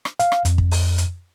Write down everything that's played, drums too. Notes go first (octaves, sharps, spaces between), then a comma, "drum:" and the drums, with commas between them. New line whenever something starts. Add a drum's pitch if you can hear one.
drum: rim click
F5, drum: hi-hat
drum: rim click
F2, drum: hi-hat
drum: kick
drum: open hi-hat
drum: hi-hat